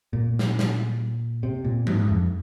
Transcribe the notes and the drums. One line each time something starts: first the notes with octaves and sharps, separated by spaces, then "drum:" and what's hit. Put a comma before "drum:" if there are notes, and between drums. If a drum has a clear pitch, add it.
A#2
drum: snare
drum: snare
C3
A#2
G#2, drum: tom E3
F2